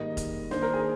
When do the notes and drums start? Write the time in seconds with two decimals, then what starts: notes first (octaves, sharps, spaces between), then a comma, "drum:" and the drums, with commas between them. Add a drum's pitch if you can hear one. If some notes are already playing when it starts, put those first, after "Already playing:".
Already playing: G#2 D#3 G3 A#3 D#4 D#5
0.17 drum: kick F1, hi-hat
0.51 D#3 A#3 D4 C5, drum: snare
0.62 A#4
0.74 G#4